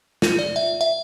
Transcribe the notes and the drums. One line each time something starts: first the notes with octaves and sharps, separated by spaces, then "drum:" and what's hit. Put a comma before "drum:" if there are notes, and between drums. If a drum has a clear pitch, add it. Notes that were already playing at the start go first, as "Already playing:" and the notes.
F4, drum: snare
D5
E5
E5